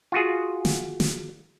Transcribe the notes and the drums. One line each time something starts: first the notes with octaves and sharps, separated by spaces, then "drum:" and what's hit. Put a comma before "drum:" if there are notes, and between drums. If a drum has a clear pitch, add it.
F4 F#4 G#4
drum: snare
drum: snare